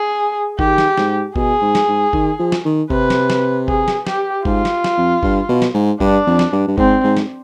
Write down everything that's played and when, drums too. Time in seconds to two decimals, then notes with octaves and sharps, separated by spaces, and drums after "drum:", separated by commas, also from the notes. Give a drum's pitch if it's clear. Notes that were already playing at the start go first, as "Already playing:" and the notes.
Already playing: G#4
0.59 D#3 G4, drum: kick G1
0.78 drum: snare
0.98 G#2, drum: snare
1.36 B2 G#4, drum: kick G1
1.62 G#2
1.75 drum: snare
1.88 G#2
2.13 D#3, drum: kick G1
2.39 F3
2.52 drum: snare
2.65 D#3
2.90 C3 B4, drum: kick G1
3.10 drum: snare
3.30 drum: snare
3.68 G#4, drum: kick G1
3.88 drum: snare
4.07 G4, drum: snare
4.45 G#2 F4, drum: kick G1
4.65 drum: snare
4.84 drum: snare
4.98 F2
5.23 G2, drum: kick G1
5.49 B2
5.62 drum: snare
5.74 G#2
6.00 G2 D4, drum: kick G1
6.27 F2
6.39 drum: snare
6.52 G2
6.67 G2
6.78 G#2 C4, drum: kick G1
7.04 G#2
7.17 drum: snare